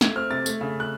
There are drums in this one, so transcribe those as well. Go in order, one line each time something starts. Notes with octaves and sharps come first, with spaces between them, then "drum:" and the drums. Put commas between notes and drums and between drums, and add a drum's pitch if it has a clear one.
A3 G#6, drum: snare
C4 F6
C3 A6
A3, drum: tambourine
C#3
F#6